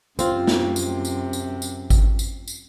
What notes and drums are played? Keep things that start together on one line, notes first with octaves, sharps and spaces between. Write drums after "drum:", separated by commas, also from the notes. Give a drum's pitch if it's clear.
F#2 C3 C4 F4, drum: tambourine
drum: snare
drum: tambourine
drum: tambourine
drum: tambourine
drum: tambourine
drum: kick G#1, tambourine
drum: tambourine
drum: tambourine